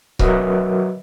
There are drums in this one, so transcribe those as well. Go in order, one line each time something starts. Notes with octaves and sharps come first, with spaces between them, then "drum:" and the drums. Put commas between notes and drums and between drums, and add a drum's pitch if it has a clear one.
F#3 F#4 A#4 B4 D#5 E5, drum: kick C#1